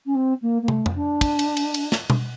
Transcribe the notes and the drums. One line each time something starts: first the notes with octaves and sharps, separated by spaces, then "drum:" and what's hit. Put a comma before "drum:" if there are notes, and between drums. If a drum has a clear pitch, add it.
C#4
C4
A#3
A#3
A3, drum: tom
drum: tom F2
D4
drum: kick, cymbal
drum: cymbal
drum: cymbal
drum: cymbal
drum: snare
drum: tom B2